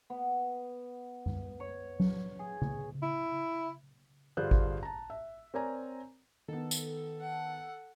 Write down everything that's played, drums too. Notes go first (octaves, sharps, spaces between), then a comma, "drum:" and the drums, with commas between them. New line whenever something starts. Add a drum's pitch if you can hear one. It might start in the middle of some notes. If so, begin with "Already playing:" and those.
B3
drum: tom F#2
C#5
drum: tom F#3
G#4
drum: tom C#3
E4
G2 D3 F4 G#4 C5 F#6
drum: kick G#1
A5 A#5
E5
C4 A#4 C#5 D5 G#5 A#5
D#3 B3 A4
drum: tambourine
F#5